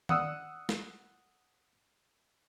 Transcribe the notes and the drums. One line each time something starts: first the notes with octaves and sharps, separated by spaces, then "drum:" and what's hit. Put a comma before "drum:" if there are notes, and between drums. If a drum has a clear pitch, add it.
F#5 D#6 E6, drum: tom D#3
drum: snare